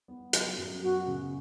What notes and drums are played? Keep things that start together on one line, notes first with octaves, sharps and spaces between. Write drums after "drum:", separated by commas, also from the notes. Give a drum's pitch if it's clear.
B3
F#3, drum: hi-hat
F#2
B3 F#4
C#3